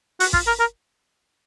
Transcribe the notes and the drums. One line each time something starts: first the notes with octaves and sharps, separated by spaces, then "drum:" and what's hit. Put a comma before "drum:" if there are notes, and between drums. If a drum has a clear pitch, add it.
F#4, drum: open hi-hat
F4, drum: kick
A#4
A#4